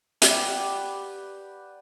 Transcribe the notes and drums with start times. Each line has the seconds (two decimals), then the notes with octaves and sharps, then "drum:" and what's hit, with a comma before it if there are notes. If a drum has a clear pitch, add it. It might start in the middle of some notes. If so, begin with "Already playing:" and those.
0.22 G4 B4 D5 F#5, drum: hi-hat